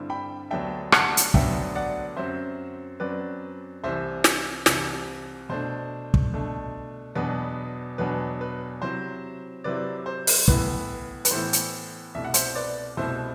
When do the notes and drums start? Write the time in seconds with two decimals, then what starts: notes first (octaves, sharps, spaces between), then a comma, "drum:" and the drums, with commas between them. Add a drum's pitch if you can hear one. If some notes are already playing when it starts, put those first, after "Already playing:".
Already playing: G2 D3 G3 C4 E4
0.10 G5 B5
0.51 D2 D3 F#3 B3 D4 E5 G5
0.92 F#5 A5, drum: rim click
1.17 drum: hi-hat
1.34 D2 D3 F#3 B3 D4 E5 G5, drum: kick
1.75 D5 F#5
2.16 F#2 F#3 C4 C5 E5
3.00 F#2 F#3 C4 B4 D5
3.84 C2 C3 E3 C5 E5
4.24 drum: snare
4.66 C2 C3 E3, drum: snare
5.49 B2 A3 D4 C5
6.14 drum: kick
6.33 B2 A3 D4
7.15 E2 B2 F#3 B3 D4 B4
7.98 E2 B2 F#3 B3 D4 B4
8.41 B4
8.82 C3 F#3 C4 E4 C5
9.64 C3 F#3 C4 E4 B4 D5
10.06 C5
10.27 drum: open hi-hat
10.48 A2 E3 B3 E4 B4, drum: kick
11.25 B4, drum: hi-hat
11.31 A2 E3 B3 E4 C5
11.53 drum: hi-hat
12.15 C2 B2 A3 E4 E5
12.25 F#5
12.34 C5 E5, drum: hi-hat
12.55 B4 D5
12.97 C2 B2 A3 E4 C5 E5